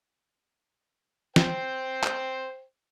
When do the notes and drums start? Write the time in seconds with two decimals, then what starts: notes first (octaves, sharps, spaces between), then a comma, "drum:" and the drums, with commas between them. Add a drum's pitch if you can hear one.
1.36 C5 G5, drum: snare
2.03 drum: clap